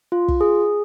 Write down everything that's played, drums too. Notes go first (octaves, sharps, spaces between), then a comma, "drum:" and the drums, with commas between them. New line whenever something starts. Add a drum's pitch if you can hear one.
F4
drum: kick
G#4